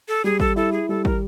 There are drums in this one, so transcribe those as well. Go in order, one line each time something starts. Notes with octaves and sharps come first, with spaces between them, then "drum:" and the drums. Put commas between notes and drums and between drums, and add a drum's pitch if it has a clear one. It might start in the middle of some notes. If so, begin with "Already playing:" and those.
A4
G3 G#4
A4, drum: kick
E4 A4
G#4
G3 A4
A#4, drum: kick